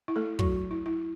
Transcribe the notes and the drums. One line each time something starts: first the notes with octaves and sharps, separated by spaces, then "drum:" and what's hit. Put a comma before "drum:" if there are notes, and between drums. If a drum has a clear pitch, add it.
E4
A3 A4
F#3 F#4, drum: kick
E4
E4